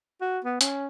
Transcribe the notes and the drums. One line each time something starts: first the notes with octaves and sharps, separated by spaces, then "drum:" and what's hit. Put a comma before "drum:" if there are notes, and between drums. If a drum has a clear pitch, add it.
F#4
B3
C#4, drum: hi-hat